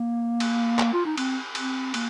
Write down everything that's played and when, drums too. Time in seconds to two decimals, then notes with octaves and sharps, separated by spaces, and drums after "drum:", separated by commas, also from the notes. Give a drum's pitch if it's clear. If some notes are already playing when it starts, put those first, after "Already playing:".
Already playing: A#3
0.40 drum: cymbal
0.79 drum: clap
0.93 F4
1.05 D#4
1.18 C4, drum: cymbal
1.55 C4, drum: cymbal
1.94 A#3, drum: cymbal